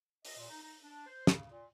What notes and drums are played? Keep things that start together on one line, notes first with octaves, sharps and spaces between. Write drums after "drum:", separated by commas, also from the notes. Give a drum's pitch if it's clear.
D#5, drum: open hi-hat
A#2
D#4
D#4
D4
C5
C#3, drum: snare
A#2